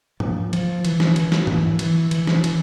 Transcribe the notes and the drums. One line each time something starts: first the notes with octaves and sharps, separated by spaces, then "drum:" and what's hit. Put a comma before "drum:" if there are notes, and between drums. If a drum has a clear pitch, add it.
F3, drum: tom G#2
F3, drum: cymbal
E3, drum: cymbal
drum: snare
E3, drum: cymbal
drum: snare
E3, drum: tom G#2
E3, drum: cymbal
E3, drum: cymbal
drum: snare
E3, drum: cymbal